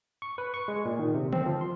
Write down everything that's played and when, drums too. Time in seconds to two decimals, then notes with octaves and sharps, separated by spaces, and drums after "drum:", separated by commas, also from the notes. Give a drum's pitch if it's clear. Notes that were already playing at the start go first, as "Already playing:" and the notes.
0.22 C#6
0.38 B4
0.54 C#6
0.68 G#3
0.85 A#2
0.99 D#3
1.14 C3
1.32 C4, drum: tom
1.46 F3
1.61 C6